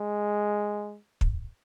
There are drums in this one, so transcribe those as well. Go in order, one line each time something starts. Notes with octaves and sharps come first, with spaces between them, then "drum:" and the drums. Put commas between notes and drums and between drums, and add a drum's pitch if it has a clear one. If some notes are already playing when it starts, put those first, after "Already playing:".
Already playing: G#3
drum: kick